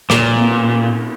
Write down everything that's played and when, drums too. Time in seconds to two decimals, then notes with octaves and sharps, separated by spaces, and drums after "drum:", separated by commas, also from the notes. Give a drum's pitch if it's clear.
0.10 A#2, drum: rim click
0.35 drum: cymbal